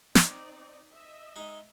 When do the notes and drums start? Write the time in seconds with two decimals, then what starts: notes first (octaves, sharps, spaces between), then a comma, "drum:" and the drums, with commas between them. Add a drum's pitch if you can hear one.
0.15 C4 D#4 D5, drum: snare
0.91 D#5 E5
1.36 G#3 D#4